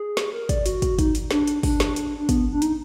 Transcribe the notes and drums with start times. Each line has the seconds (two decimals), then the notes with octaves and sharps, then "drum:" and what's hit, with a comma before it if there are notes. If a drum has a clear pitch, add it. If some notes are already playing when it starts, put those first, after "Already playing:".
Already playing: G#4
0.17 drum: snare
0.33 A#4
0.49 D5, drum: kick, hi-hat
0.66 F#4, drum: hi-hat
0.82 drum: kick, hi-hat
0.99 D#4, drum: kick, hi-hat
1.15 drum: hi-hat
1.31 D4, drum: snare
1.47 drum: hi-hat
1.63 D4, drum: kick, open hi-hat
1.80 drum: snare
1.96 drum: hi-hat
2.18 D4
2.29 B3, drum: kick, hi-hat
2.53 D4
2.62 D#4, drum: hi-hat